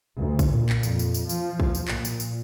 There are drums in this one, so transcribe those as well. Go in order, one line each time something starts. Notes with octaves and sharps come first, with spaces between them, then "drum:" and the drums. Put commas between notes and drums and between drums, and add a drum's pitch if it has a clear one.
D2
drum: kick A#1, tambourine
A#2
drum: clap
F2, drum: tambourine
drum: tambourine
drum: tambourine
F3, drum: tambourine
drum: kick A#1
drum: tambourine
A#2, drum: clap
drum: tambourine
drum: tambourine